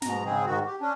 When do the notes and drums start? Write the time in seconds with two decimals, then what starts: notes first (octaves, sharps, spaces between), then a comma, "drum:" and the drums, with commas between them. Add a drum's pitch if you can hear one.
0.02 G#2 B2 A#5, drum: snare
0.25 G#2 C#3 G#3 C4 G#4
0.46 G#2 D#3 F#4
0.66 G4
0.80 C#4 D4